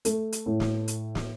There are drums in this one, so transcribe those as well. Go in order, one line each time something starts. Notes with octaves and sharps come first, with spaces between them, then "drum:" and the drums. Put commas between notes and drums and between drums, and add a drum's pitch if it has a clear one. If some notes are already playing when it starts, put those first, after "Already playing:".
A3, drum: hi-hat
drum: hi-hat
A2
drum: snare
drum: hi-hat
drum: snare